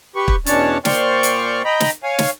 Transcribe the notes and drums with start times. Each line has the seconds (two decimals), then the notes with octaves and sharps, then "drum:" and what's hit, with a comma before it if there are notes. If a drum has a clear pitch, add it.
0.16 G4 B4 C#6
0.28 drum: kick
0.46 E2 B2 C#4 D4 C#5 A5, drum: hi-hat
0.85 A#2 C5 D5 G5 C#6 F6, drum: snare
1.23 drum: hi-hat
1.65 D#5 G5 A#5 B5
1.80 drum: snare
2.03 C#5 F5 G#5
2.19 drum: snare